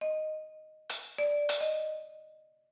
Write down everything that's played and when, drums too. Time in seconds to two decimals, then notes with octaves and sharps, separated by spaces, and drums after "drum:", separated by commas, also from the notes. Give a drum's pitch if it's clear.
0.01 D#5
0.89 drum: hi-hat
1.18 D5
1.49 drum: hi-hat
1.61 D#5